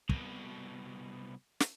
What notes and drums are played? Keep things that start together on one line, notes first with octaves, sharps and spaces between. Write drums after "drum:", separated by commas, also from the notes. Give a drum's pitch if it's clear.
C2 B2, drum: kick
drum: snare